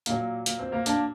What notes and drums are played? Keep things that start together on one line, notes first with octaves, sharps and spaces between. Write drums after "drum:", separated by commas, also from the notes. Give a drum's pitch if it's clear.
A#2 F#3 A#3, drum: hi-hat
A#3, drum: hi-hat
C4
A#3
A#3 D4, drum: hi-hat